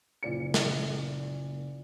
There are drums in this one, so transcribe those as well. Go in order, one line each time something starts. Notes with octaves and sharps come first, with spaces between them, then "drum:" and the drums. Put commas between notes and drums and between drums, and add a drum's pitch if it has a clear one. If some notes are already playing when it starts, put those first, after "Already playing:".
F#1 A#2 D5 C#7
drum: snare